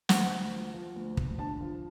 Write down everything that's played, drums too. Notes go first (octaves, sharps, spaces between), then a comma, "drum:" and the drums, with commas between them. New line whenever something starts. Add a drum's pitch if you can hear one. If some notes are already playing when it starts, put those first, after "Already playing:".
D2 F#5, drum: snare
D2
F3
F3
D2
D2, drum: kick
D3 A5
F3